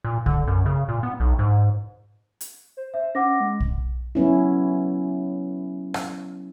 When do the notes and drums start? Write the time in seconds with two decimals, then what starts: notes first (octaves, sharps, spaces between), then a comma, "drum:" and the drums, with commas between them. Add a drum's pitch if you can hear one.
0.04 A#2
0.26 D3, drum: kick
0.47 F#2
0.66 C#3
0.88 A#2
1.03 B3
1.20 B1
1.39 G#2
2.41 drum: hi-hat
2.77 C5
2.94 C5 E5
3.15 C#4 F#5 D6 A#6
3.40 G#3
3.60 drum: kick
4.15 F#3 B3 C#4 E4
5.94 drum: rim click